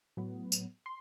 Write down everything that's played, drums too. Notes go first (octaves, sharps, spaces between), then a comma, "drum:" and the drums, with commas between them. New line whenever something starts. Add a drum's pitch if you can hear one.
A2 F#3 B3
drum: tambourine
C6